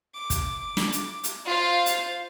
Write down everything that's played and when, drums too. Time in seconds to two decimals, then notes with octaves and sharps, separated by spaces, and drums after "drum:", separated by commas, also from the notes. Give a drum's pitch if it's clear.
0.14 D6
0.30 drum: kick, hi-hat
0.77 drum: snare
0.92 drum: hi-hat
1.24 drum: hi-hat
1.46 F4 C5 F5
1.86 drum: hi-hat